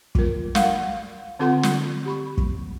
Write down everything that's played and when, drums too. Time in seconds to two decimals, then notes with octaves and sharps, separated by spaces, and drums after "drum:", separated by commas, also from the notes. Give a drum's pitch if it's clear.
0.15 F4 A#4, drum: kick
0.55 F5 F#5, drum: snare
1.39 D3 C4 F4 A4 F#5 C6
1.63 drum: snare
2.05 G4 B5 C#6
2.37 drum: kick